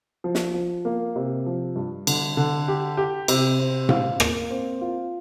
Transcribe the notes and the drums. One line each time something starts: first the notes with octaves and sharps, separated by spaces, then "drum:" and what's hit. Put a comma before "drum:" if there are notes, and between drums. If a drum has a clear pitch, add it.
F3
drum: snare
F3
A#3
C3
F3
G2
D3, drum: cymbal
D3
G4
G4
C3, drum: cymbal
C4
F5, drum: tom A2
A#3, drum: rim click
C4
F4